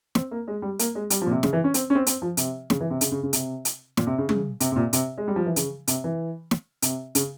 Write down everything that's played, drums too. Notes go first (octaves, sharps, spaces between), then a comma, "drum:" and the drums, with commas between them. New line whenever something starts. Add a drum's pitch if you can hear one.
C4, drum: snare
A#3
G#3
G3
A#3, drum: hi-hat
G#3
G3, drum: hi-hat
F3
A#2
C3
C#3, drum: snare
E3
C#4
C4, drum: hi-hat
C#4
C4
C4, drum: hi-hat
F3
C3, drum: hi-hat
C#3, drum: snare
E3
C3
C#3, drum: hi-hat
C#3
C#3
C3, drum: hi-hat
drum: hi-hat
A#2, drum: snare
C3
C#3
C#3, drum: tom
C3, drum: hi-hat
C3
A#2
C3, drum: hi-hat
G#3
G3
F3
E3
C#3, drum: hi-hat
C3, drum: hi-hat
E3
drum: snare
C3, drum: hi-hat
C#3, drum: hi-hat